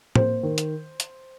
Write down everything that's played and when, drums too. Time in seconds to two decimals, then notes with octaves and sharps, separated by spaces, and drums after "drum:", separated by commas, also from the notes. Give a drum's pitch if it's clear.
0.16 A#3 C5, drum: tom A2
0.43 D#3
0.58 drum: hi-hat
1.00 drum: hi-hat